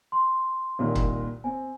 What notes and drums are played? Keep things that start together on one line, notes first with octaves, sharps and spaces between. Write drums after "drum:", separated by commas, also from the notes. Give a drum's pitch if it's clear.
C6
C2 A#2 D#3
drum: kick
C4 G#5